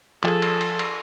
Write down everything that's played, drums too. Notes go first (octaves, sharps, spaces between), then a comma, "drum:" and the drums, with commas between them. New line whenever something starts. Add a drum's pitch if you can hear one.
F3 G#4 A4, drum: clap
drum: cymbal
drum: cymbal
drum: cymbal